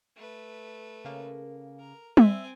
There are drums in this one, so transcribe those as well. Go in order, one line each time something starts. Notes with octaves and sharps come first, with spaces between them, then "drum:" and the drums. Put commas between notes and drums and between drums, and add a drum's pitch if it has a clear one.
A3 B4
C#3 A#3
A#4
C4 E5 G#5, drum: tom G3